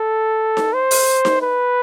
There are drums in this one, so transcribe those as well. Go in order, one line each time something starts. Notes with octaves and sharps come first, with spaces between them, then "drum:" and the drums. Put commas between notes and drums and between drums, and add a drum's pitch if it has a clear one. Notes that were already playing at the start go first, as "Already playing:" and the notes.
Already playing: A4
drum: snare D#4
C5
drum: open hi-hat
drum: snare D#4
B4